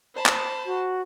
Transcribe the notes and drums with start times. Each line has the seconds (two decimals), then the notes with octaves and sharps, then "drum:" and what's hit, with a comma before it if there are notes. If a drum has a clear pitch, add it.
0.14 C5 A5 B5
0.26 drum: clap
0.66 F#4